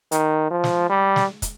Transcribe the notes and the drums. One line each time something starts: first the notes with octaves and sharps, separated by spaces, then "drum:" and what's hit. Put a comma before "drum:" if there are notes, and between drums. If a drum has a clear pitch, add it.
D#3, drum: hi-hat
F3
drum: snare
G3
drum: snare
drum: kick, hi-hat